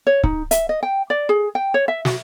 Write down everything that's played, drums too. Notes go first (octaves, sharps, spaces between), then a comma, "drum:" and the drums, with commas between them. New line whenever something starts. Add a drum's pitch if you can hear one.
C#5
D#4, drum: kick C#1
E5, drum: hi-hat
D#5
G5
D5
G#4
G5
C#5
E5
F#4, drum: snare